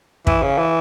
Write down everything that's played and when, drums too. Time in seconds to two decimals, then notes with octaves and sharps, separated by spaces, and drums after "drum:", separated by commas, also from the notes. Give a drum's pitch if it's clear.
0.27 E3, drum: kick
0.42 C#3
0.58 E3